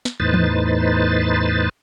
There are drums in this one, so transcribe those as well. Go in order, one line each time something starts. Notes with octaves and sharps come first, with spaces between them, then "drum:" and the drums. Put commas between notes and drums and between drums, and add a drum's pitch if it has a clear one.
drum: snare
E2 A2 D#4 B4 C5 A6
drum: tom E3